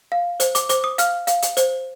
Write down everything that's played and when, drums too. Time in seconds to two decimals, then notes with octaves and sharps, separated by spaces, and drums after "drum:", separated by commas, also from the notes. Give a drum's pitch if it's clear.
0.12 F5
0.40 C5, drum: hi-hat
0.55 D6, drum: hi-hat
0.69 C5 D6, drum: hi-hat
0.84 D#6
0.98 F5 F6, drum: hi-hat
1.27 F5, drum: hi-hat
1.42 drum: hi-hat
1.57 C5, drum: hi-hat